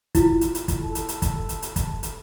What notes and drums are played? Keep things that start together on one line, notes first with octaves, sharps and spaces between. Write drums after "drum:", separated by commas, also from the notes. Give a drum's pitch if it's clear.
E4 F4, drum: kick, hi-hat
drum: hi-hat
drum: hi-hat
drum: kick, hi-hat
A4
drum: hi-hat
drum: hi-hat
drum: kick, hi-hat
drum: hi-hat
drum: hi-hat
drum: kick, hi-hat
drum: hi-hat